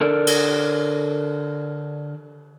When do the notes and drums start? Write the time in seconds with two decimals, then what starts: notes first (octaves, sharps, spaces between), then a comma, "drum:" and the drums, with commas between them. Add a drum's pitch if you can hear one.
0.01 D3 A4 A#4 D5
0.27 drum: cymbal